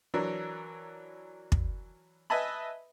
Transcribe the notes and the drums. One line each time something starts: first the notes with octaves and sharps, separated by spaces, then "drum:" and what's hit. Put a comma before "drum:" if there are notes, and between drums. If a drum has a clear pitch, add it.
E3 F#3 D4 A#4
drum: kick
B4 D#5 E5 G#5 A5 B5